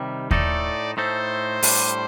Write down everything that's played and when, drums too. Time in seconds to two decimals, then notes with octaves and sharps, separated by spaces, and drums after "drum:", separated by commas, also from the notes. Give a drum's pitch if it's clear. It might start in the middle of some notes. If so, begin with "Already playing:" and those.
Already playing: C3 D#3 G3
0.31 A2 A3 D#4 A4 D5, drum: kick D#2
0.96 A2 A3 D#4 A4 C5
1.63 A2 G3 D4, drum: open hi-hat